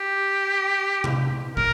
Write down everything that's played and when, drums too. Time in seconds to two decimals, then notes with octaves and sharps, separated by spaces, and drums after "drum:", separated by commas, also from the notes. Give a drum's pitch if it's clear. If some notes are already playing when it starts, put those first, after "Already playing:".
Already playing: G4
1.04 drum: tom C3
1.57 A#4, drum: kick